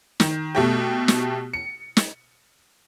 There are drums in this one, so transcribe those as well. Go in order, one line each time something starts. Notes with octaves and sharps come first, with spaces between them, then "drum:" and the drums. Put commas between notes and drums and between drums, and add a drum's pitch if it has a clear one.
D#3, drum: snare
B2 A3 G4
drum: snare
C#7
drum: snare